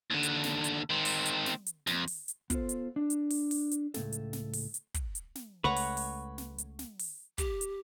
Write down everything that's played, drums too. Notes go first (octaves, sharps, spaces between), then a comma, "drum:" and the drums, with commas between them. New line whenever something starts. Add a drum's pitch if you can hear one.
D#2 D3
drum: hi-hat
drum: snare
drum: hi-hat
D#3 C4
drum: open hi-hat
drum: hi-hat
drum: snare
drum: hi-hat
F2, drum: snare
drum: open hi-hat
drum: hi-hat
B3 F4 A4 C5, drum: kick, hi-hat
drum: hi-hat
D4
drum: hi-hat
drum: open hi-hat
drum: open hi-hat
drum: hi-hat
C#2 A2 A4, drum: snare
drum: hi-hat
drum: snare
drum: open hi-hat
drum: hi-hat
drum: kick, hi-hat
drum: hi-hat
drum: snare
C#2 A3 B4 C#5 F#5 A#5 C#6
drum: open hi-hat
drum: open hi-hat
drum: snare
drum: hi-hat
drum: snare
drum: open hi-hat
G4, drum: kick, hi-hat
drum: hi-hat